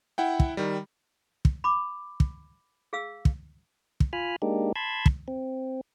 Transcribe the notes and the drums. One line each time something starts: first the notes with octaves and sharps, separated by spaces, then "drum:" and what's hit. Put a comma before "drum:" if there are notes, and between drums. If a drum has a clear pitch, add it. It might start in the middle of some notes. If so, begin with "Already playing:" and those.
E4 F#5 G5
drum: kick
D#3 G3
drum: kick
B5 D6
drum: kick
G#4 F5 E6
drum: kick
drum: kick
F4 G#5 B5 F6
G#3 A#3 D4 D#4 G4
A5 B5 C6 E6 G#6
drum: kick
C4